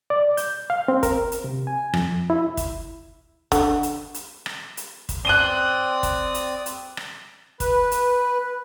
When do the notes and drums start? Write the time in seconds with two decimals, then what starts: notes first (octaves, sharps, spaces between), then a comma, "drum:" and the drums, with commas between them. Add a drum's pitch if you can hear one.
0.10 D5
0.37 G6, drum: hi-hat
0.70 F5
0.88 C4
1.03 A#4, drum: kick, hi-hat
1.32 drum: hi-hat
1.44 C3
1.67 G#5
1.94 F2, drum: rim click
2.30 E4
2.57 drum: kick, hi-hat
3.52 D3, drum: kick, hi-hat
3.83 drum: hi-hat
4.14 drum: hi-hat
4.46 drum: rim click
4.77 drum: hi-hat
5.09 drum: kick, hi-hat
5.25 C4 D5 D#6 F#6 D#7 G7
6.03 drum: kick, hi-hat
6.34 drum: hi-hat
6.66 drum: hi-hat
6.97 drum: rim click
7.60 B4, drum: kick, hi-hat
7.91 drum: hi-hat